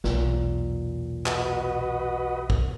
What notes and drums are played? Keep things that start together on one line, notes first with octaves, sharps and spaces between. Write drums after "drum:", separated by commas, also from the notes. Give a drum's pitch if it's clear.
B1 E2 A#2, drum: snare
F#4 B4 D#5, drum: clap
drum: kick